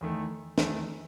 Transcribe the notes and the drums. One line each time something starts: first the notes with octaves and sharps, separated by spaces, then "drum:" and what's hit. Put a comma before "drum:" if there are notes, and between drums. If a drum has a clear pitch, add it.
E2 D#3 A3
E2 D#3 A3, drum: snare